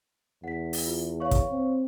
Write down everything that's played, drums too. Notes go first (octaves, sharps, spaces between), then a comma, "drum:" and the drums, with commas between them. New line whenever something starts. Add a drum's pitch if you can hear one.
E2 F#5 B6
drum: open hi-hat
F4
C#5 F5 C#6
drum: kick, hi-hat
C4